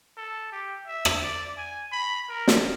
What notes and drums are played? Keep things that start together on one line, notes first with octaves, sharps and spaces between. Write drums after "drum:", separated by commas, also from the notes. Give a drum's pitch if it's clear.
A4
G4
E5
drum: rim click
D5
G#5
B5
A#4
drum: snare